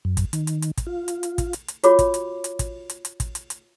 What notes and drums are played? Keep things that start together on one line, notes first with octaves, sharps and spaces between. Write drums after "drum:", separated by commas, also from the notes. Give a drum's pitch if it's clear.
F#2
drum: kick, hi-hat
D#3, drum: hi-hat
drum: hi-hat
drum: hi-hat
drum: kick, hi-hat
F4
drum: hi-hat
drum: hi-hat
drum: kick, hi-hat
drum: hi-hat
drum: hi-hat
F4 F#4 C#5 B5 D6, drum: hi-hat
drum: kick, hi-hat
drum: hi-hat
drum: hi-hat
drum: kick, hi-hat
drum: hi-hat
drum: hi-hat
drum: kick, hi-hat
drum: hi-hat
drum: hi-hat